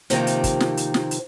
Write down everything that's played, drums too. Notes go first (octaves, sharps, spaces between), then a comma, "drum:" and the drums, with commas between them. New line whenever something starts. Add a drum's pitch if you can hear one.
C3 D#3 F3 A#3 C4 G4, drum: hi-hat
drum: hi-hat
drum: kick, hi-hat
drum: snare
drum: hi-hat
drum: snare
drum: hi-hat